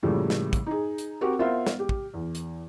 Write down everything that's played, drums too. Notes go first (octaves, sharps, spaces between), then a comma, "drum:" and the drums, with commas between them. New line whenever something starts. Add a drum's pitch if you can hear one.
A2 C#3 F3 G3 A3 A#3
drum: snare
drum: kick, hi-hat
D#4 G#4
drum: hi-hat
C4 F#4 G4 A#4
B3 F4 A#4 C5 E5 F5
drum: snare
G4
drum: kick
E2
drum: hi-hat